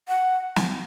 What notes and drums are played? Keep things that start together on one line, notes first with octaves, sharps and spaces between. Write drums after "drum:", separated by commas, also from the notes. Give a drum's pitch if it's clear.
F#5
drum: snare